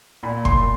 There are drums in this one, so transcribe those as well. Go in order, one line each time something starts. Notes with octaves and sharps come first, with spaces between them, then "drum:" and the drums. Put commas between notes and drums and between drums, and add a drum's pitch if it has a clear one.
A#2 B5
C6, drum: kick